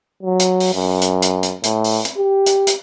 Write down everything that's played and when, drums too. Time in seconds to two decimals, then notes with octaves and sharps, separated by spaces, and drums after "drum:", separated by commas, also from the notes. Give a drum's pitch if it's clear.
0.23 F#3
0.40 drum: hi-hat
0.60 drum: open hi-hat
0.74 F#2
1.02 drum: hi-hat
1.22 drum: hi-hat
1.43 drum: hi-hat
1.64 A2, drum: hi-hat
1.84 drum: open hi-hat
2.05 drum: hi-hat
2.17 G4
2.46 drum: hi-hat
2.67 drum: hi-hat